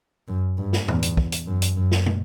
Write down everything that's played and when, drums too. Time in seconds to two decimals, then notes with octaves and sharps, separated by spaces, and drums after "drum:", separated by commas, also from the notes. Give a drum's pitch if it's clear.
0.28 F#2
0.58 G2
0.73 drum: snare
0.88 E2, drum: tom
1.03 drum: hi-hat
1.17 drum: kick
1.32 drum: hi-hat
1.47 F#2
1.62 drum: hi-hat
1.77 F#2
1.91 drum: snare
2.06 drum: tom